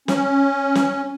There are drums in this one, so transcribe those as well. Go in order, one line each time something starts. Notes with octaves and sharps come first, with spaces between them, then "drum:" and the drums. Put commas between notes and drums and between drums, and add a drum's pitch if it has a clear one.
C#4, drum: snare
drum: snare